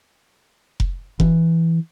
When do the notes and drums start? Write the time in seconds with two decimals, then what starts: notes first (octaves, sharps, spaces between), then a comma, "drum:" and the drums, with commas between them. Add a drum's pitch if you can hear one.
0.80 drum: kick F1
1.20 E3, drum: kick F1